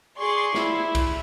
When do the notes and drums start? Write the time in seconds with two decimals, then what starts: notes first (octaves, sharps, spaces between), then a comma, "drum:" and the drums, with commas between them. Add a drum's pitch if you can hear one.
0.18 G#4 D5 C6 C#6
0.54 E4, drum: snare
0.95 drum: kick C2, cymbal